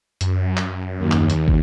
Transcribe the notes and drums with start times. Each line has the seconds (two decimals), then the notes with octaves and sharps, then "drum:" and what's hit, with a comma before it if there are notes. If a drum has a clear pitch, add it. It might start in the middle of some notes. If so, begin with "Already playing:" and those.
0.21 F#2, drum: hi-hat
0.57 drum: clap
0.98 D#2
1.12 drum: clap
1.30 drum: hi-hat
1.48 drum: kick